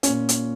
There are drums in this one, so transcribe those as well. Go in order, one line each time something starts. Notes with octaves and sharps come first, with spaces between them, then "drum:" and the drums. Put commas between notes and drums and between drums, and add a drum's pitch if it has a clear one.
C#4, drum: hi-hat
A#2
drum: hi-hat